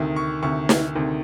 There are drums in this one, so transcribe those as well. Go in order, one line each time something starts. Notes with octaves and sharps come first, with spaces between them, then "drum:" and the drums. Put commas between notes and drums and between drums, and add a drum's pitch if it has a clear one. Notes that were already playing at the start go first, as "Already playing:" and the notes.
Already playing: D2 C3 D#3
C#6
D2 C3 D#3 C#6
drum: snare
D2 C3 D#3